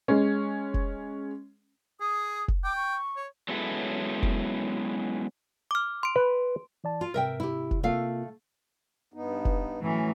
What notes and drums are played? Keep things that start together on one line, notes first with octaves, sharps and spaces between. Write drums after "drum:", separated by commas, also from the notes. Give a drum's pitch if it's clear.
G#3 C#4
drum: kick F1
G#4 D#6
drum: kick F1
G5 D6
C#6
C#5
F#3 G#3 B3 C#4 E4 A4
drum: kick F1
D6 F6
C6 D7
B4
E3 D5 A5
F4
G#2 C3 A#4 E5 G5
E4 G4
drum: kick F1
C3 A3 A#3 F4 F5
G2 B3 D#4
drum: kick F1
A2 E3 F#3 C#4